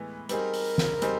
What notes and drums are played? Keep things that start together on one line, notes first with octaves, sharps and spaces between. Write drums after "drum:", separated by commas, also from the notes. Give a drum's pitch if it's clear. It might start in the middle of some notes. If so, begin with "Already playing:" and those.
Already playing: A2 E3 G#3 B3
G3 C4 D#4 G#4 A#4 B4, drum: hi-hat
drum: open hi-hat
drum: snare
G3 C4 D#4 G#4, drum: hi-hat